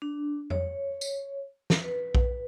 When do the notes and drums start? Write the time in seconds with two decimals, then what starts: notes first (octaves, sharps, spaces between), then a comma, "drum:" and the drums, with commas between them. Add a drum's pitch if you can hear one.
0.02 D4
0.50 C#5, drum: tom F2
1.01 drum: tambourine
1.70 drum: snare
1.84 B4
2.15 drum: kick A#1